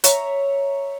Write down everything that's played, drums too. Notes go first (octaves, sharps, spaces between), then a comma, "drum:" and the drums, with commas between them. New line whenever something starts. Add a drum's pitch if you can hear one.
C#5 E5 A#5 C#6, drum: hi-hat